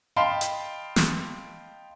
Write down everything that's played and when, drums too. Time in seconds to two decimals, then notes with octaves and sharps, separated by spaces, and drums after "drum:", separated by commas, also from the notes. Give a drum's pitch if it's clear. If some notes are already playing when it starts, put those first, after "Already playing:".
0.16 D#5 F5 G5 A5 B5 C6
0.41 drum: hi-hat
0.96 drum: snare